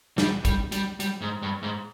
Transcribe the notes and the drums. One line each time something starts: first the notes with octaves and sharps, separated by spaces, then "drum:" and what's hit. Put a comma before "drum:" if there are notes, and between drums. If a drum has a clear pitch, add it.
G3, drum: snare
G3, drum: kick, hi-hat
G3, drum: hi-hat
G3, drum: hi-hat
G#2
G2
G#2